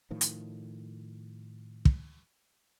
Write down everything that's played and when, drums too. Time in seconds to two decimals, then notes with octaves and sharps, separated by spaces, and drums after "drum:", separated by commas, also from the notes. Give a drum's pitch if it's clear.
0.11 A2 D#3 F3
0.21 drum: hi-hat
1.85 drum: kick